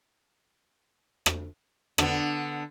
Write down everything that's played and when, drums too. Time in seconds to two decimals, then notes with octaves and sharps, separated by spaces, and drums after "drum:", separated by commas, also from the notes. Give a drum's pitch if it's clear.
1.26 drum: rim click
1.98 D3 B3, drum: rim click